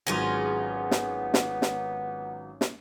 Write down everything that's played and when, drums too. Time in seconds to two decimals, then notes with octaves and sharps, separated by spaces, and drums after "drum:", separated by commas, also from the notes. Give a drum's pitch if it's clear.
0.07 G#1 F#3 B3 C#4 F4 G#4 A#6
0.91 drum: snare
1.34 drum: snare
1.62 drum: snare
2.61 drum: snare